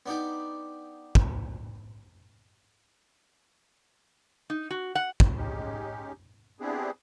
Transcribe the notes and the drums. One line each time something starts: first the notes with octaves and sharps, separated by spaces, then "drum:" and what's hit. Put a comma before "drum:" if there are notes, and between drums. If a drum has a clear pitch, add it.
B3 D4 D#4 G4
drum: kick
D#4
F#4
F#5
drum: kick
G#3 C#4 D#4 G4
B3 C4 D4 E4 G4 G#4